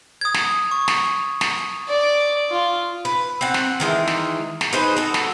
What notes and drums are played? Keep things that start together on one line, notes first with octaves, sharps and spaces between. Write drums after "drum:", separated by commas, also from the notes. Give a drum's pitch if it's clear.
D#6 G#6
drum: snare
C#6
drum: snare
drum: snare
D5
F4
B4
C4 F#5
drum: snare
D#3 E3 G#3
drum: snare
drum: snare
D#4 G#4 B4 C5
F#4 A4
drum: snare